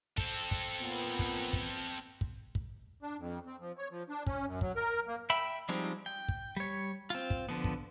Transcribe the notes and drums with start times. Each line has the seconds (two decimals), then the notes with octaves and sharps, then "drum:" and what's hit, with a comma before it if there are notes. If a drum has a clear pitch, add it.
0.18 C4 A4, drum: kick
0.51 drum: kick
0.81 A#2 B3
1.19 drum: kick
1.53 drum: kick
2.21 drum: kick
2.55 drum: kick
3.02 D4
3.18 F2
3.46 C4
3.60 F3
3.78 C#5
3.91 F3
4.09 D4
4.27 C#4, drum: kick
4.46 F#2
4.61 F#3, drum: kick
4.76 A#4
5.08 A#3
5.30 E5 G5 B5
5.69 F3 G3 G#3 C4 D#4
6.06 G5
6.28 drum: kick
6.57 G3 C#5
7.10 C4 F4
7.30 drum: kick
7.49 D3 F3 B3
7.64 drum: kick